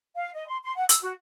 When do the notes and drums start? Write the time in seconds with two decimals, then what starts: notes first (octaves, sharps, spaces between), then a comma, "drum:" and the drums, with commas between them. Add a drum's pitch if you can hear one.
0.16 F5
0.34 D#5
0.47 C6
0.63 C6
0.75 F#5
0.89 E6, drum: hi-hat
1.03 F#4